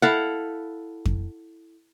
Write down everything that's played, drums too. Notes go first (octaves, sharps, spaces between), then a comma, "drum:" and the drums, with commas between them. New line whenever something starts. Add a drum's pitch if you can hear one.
E4 A4 F5 F#5
drum: kick F2